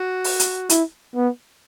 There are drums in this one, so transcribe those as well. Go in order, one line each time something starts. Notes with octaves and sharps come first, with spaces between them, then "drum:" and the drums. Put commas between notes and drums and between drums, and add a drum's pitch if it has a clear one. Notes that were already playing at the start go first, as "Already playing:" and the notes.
Already playing: F#4
drum: open hi-hat
drum: hi-hat
E4, drum: hi-hat
B3